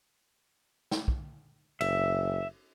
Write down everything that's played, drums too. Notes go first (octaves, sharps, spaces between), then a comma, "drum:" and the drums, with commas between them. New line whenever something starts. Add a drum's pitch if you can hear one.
drum: snare
drum: kick
F#1 E5, drum: cymbal